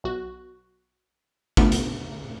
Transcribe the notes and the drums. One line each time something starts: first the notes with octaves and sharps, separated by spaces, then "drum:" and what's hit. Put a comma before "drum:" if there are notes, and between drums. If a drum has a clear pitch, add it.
B1 F#4
A3 B3 D4 F4, drum: kick G#1
drum: hi-hat